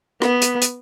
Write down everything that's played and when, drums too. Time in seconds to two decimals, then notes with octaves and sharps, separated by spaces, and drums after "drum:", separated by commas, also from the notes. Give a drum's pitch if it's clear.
0.22 B3, drum: rim click
0.42 drum: hi-hat
0.62 drum: hi-hat